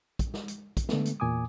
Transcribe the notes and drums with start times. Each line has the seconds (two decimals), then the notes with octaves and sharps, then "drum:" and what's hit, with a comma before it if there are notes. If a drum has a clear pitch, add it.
0.19 drum: kick, hi-hat
0.34 drum: snare
0.48 drum: hi-hat
0.77 drum: kick, hi-hat
0.89 D3 A3 B3, drum: snare
1.05 drum: hi-hat
1.20 E2 A#2 G#5 D6 D#6